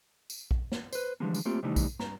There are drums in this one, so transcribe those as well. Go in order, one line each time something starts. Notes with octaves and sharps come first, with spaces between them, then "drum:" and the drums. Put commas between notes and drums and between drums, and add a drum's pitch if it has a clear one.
drum: tambourine
drum: kick A#1
drum: snare
B4 C5, drum: tambourine
D3 E3 F3 G3 G#3 A#3
drum: tambourine
A3 A#3 C4 F4 G4
C3 D#3 E3 G3 A3 D#4
drum: kick A#1, tambourine
G2 A#5, drum: snare